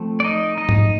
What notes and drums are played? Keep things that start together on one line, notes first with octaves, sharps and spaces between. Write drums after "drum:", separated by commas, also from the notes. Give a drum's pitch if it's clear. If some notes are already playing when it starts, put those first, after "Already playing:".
Already playing: F3 A3 C4
D5
D#4 D#5
D#4 D#5
drum: tom